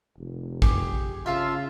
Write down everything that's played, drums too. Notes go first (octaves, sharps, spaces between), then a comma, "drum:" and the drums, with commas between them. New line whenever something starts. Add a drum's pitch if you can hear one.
F1
G4 G#4, drum: kick
C#3 F4 E5 F5 A5